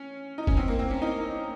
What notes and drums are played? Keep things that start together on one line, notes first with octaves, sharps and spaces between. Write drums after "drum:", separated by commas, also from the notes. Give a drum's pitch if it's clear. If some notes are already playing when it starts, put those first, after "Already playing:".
Already playing: C#4
D#4
C#4, drum: kick
C4
A#3
C4
C#4
D#4